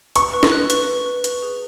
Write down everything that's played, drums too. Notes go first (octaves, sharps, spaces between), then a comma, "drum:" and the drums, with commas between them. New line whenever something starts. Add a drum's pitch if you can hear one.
B4 C#6, drum: hi-hat
B4
drum: snare
F#6
B4, drum: hi-hat
B4
B4
B4, drum: hi-hat
G#4